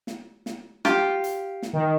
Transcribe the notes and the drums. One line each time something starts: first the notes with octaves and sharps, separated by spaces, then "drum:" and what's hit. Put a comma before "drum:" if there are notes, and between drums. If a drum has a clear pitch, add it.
drum: snare
drum: snare
F4 G4, drum: snare
drum: hi-hat
drum: snare
D#3